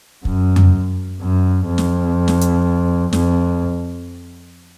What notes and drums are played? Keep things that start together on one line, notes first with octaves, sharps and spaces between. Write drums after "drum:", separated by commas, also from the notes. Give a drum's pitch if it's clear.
F#2, drum: kick
drum: tom F2
F#2
F2
drum: snare
drum: snare
drum: hi-hat
F2, drum: snare